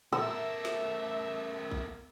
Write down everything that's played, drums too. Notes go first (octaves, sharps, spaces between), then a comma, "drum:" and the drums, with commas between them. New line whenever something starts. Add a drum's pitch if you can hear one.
A3 B3 A#4 E5 E6, drum: tom A2
drum: snare
drum: kick A#1